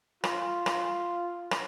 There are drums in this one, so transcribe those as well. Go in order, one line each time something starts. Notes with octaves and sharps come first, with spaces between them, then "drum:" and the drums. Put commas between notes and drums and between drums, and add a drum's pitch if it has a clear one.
F4, drum: rim click
drum: rim click
drum: rim click